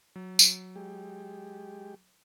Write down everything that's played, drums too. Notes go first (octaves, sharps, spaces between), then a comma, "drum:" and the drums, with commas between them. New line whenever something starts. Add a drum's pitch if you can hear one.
F#3
drum: tambourine
G#3 G4